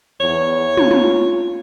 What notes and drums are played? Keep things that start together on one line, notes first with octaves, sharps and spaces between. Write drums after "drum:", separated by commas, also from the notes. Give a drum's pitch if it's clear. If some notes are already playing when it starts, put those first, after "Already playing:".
E2 C#5
F4, drum: tom
drum: tom